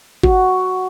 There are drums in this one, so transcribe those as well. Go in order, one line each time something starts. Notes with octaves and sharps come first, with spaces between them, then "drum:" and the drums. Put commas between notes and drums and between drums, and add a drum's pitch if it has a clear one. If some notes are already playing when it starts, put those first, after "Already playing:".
F#4, drum: kick G1